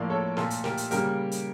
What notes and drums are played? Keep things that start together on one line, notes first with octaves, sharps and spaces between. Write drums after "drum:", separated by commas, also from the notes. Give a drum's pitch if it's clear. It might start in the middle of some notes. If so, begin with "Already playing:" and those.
Already playing: A2 F3 A#3 D5 F5
A4 C#5
A#2 A3 F4 A4, drum: snare
drum: hi-hat
G4 A#4, drum: snare
drum: hi-hat
C#3 G3 A#3 G4 A#4, drum: hi-hat
drum: hi-hat